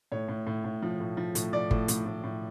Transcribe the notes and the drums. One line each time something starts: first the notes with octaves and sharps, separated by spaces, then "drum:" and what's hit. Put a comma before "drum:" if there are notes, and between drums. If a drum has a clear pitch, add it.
A2 C#5
A2
A2
A2
F3
A2
F3
A2, drum: hi-hat
F3 D5
A2, drum: kick G1
A2, drum: hi-hat
A2
A2